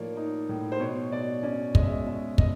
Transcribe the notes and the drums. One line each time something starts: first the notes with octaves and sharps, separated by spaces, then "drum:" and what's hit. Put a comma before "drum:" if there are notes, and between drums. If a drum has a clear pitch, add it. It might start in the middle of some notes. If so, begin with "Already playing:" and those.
Already playing: A2 F3 A#3 D#4 C#5 D5
D#4
A2
C5
B2 C#5
B2 D5
C#4 D5
G#3 D#5, drum: kick
E5
D#5
B2 E5
B2 D#5, drum: kick